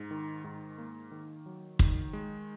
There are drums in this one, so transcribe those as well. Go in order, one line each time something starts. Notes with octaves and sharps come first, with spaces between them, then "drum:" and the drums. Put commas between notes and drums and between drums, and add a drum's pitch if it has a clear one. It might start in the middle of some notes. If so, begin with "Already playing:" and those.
Already playing: G#2
D#3
G#2
A#3
D#3
F#3
D#3, drum: kick
G#3